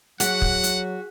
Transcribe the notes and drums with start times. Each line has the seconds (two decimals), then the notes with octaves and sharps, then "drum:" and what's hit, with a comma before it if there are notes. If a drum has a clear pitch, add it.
0.20 F#3 F#4 G#4 F#5 F#6 B6, drum: hi-hat
0.42 drum: kick
0.63 drum: hi-hat